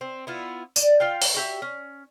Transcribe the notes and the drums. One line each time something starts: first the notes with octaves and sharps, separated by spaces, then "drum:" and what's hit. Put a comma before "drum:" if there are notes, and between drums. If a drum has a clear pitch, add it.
C4
B3 E4 F4
D5, drum: tambourine
F4 F5 G5
drum: open hi-hat
F#4 G4 E5
C#4